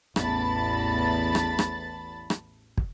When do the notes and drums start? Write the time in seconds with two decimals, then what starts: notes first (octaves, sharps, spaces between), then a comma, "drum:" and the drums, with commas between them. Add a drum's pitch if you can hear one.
0.16 A1 E2 A5 B5 A6, drum: rim click
1.35 drum: rim click
1.59 drum: rim click
2.30 drum: rim click
2.78 drum: kick